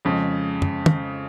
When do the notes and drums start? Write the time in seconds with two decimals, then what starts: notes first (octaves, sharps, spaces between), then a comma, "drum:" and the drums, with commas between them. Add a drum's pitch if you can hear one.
0.05 F2 C#3 G#3
0.62 drum: tom
0.86 drum: tom